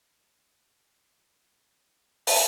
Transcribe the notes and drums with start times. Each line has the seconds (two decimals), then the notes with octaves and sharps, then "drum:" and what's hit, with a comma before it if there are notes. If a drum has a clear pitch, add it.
0.16 C5 D5 C#6
2.27 drum: open hi-hat